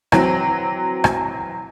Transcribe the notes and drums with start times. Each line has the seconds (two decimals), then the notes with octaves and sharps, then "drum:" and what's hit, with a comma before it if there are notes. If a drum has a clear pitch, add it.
0.12 E3 F#3 C4, drum: rim click
1.04 drum: rim click